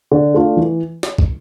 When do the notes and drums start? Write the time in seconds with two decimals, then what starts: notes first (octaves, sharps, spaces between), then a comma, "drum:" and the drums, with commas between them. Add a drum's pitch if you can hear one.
0.11 D3
0.34 A3 D4 F4
0.57 E3
1.03 drum: snare
1.18 drum: kick